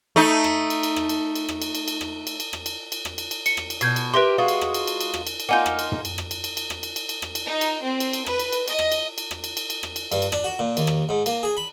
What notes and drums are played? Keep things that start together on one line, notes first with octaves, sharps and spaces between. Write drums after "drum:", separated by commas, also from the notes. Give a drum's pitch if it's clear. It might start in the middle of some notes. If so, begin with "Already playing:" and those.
A3 D#4
drum: rim click
drum: cymbal
drum: cymbal
drum: rim click
drum: cymbal
drum: cymbal
drum: rim click
drum: cymbal
drum: cymbal
drum: cymbal
drum: rim click
drum: cymbal
drum: cymbal
drum: rim click
drum: cymbal
drum: cymbal
drum: rim click
drum: cymbal
drum: cymbal
C#7, drum: cymbal
drum: rim click
drum: cymbal
B2 G6 G#6 C7, drum: cymbal
drum: cymbal
G4 A#4 B4 E5 G5 C6
G#3 F4 F#4
drum: cymbal
drum: rim click
drum: cymbal
drum: cymbal
drum: cymbal
drum: rim click
drum: cymbal
drum: cymbal
A#3 D#4 F4 F#5 G#5 G6
drum: rim click
drum: cymbal
drum: tom
drum: cymbal
drum: rim click
drum: cymbal
drum: cymbal
drum: cymbal
drum: rim click
drum: cymbal
drum: cymbal
drum: cymbal
drum: rim click
drum: cymbal
D#4
drum: cymbal
C4
drum: cymbal
drum: cymbal
B4, drum: rim click
drum: cymbal
drum: cymbal
D#5, drum: cymbal
drum: rim click
drum: cymbal
drum: cymbal
drum: rim click
drum: cymbal
drum: cymbal
drum: cymbal
drum: rim click
drum: cymbal
G2, drum: cymbal
drum: cymbal
D4, drum: rim click
F#4
A#2
D#2, drum: cymbal
drum: rim click
G#2
A#3, drum: cymbal
G#4
B5